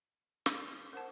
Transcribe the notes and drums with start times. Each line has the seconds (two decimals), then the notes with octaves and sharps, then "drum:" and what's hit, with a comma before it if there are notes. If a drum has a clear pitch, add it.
0.46 drum: snare
0.93 A#4 C5 F#5 A5